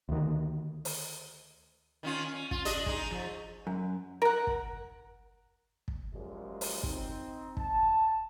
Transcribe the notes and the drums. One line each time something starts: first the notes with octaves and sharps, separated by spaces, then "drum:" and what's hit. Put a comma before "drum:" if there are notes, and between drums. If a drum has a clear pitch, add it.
D2 D#3
drum: open hi-hat
D#3 C#4 F4
C#4
F4, drum: kick
D4 D#5, drum: hi-hat
G#3 D#4, drum: kick
F3
F#2
A#4 F#5
drum: kick
drum: kick
F#2 A#2 F3 G3 G#3
drum: open hi-hat
C4 D#4, drum: kick
A5, drum: kick